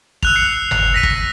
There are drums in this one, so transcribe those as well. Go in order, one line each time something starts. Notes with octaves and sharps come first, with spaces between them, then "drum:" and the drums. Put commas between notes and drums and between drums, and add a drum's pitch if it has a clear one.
E6 F#6 F7, drum: kick
F#6 C7 C#7
drum: tom G1
A#6 B6 D#7
drum: kick